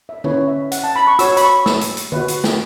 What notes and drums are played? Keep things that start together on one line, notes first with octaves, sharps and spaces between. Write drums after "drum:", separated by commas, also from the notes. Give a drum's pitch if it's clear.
E5
C#4 E4 B4 C#5, drum: tom D3
E5
F#5, drum: hi-hat
A5
B5
C#6
F#4 C#5 E6, drum: hi-hat
B5, drum: hi-hat
C#6
E6, drum: snare
drum: hi-hat
drum: hi-hat
F#4 B4, drum: tom D3
drum: hi-hat
drum: snare